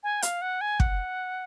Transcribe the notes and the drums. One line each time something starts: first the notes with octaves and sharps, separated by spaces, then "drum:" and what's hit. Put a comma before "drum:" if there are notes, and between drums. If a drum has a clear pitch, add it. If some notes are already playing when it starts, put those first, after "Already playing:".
G#5
F5, drum: hi-hat
F#5
G#5
F#5, drum: kick